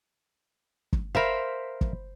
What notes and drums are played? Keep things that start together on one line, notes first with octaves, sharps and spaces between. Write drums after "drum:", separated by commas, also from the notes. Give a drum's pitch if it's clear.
drum: kick
A#4 C5 E5 F5 B5
drum: kick